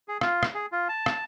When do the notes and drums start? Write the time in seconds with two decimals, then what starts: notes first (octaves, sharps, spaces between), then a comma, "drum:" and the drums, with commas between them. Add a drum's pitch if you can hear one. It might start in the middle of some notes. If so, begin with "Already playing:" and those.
0.08 G#4
0.21 F4, drum: rim click
0.43 drum: rim click
0.55 G#4
0.72 F4
0.89 A5
1.06 drum: rim click